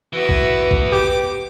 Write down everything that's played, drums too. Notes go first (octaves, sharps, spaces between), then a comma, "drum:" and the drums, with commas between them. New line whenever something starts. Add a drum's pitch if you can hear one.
E3 B3 F#4 B4 E5
drum: kick A#1
drum: kick A#1
G4 D6